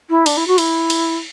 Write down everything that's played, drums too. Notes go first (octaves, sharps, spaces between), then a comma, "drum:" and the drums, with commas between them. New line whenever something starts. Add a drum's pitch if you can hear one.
E4
D4, drum: cymbal
E4
F#4
E4, drum: cymbal
drum: cymbal